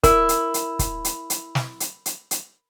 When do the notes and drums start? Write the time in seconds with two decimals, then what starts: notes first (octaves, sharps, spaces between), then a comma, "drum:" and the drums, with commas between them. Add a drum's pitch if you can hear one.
0.04 E4 A#4, drum: kick, hi-hat
0.29 drum: hi-hat
0.54 drum: hi-hat
0.79 drum: kick, hi-hat
1.05 drum: hi-hat
1.30 drum: hi-hat
1.55 drum: snare
1.80 drum: hi-hat
2.06 drum: hi-hat
2.31 drum: hi-hat